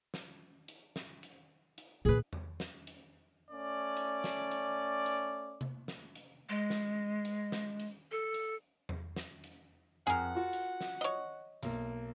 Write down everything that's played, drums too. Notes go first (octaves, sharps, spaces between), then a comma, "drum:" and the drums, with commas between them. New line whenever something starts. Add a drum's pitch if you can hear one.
drum: snare
drum: hi-hat
drum: snare
drum: hi-hat
drum: hi-hat
A#2 D#3 G#4 B4
drum: tom E2
drum: snare
drum: hi-hat
A3 C#4 D5
drum: hi-hat
drum: snare
drum: hi-hat
drum: hi-hat
drum: tom C3
drum: snare
drum: hi-hat
G#3
drum: snare
drum: hi-hat
drum: snare
drum: hi-hat
A4
drum: hi-hat
drum: tom E2
drum: snare
drum: hi-hat
F2 G#4 A#4 F#5
F4 F#4
drum: hi-hat
drum: snare
C#5 D#5
B1 A#3, drum: hi-hat